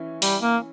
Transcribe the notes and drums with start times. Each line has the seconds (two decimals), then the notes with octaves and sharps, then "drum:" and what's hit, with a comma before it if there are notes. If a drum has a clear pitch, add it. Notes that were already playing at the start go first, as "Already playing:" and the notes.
Already playing: E3 C#4 E4
0.22 G3, drum: open hi-hat
0.42 A#3